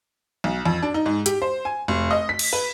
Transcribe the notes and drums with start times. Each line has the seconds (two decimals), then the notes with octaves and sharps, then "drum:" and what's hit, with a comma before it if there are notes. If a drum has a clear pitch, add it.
0.44 B1
0.66 F2
0.82 D4
0.94 D#4
1.06 G#2
1.26 G4, drum: hi-hat
1.42 C5
1.65 G#5
1.88 F1
2.11 D#5
2.29 B6
2.39 drum: cymbal
2.53 B4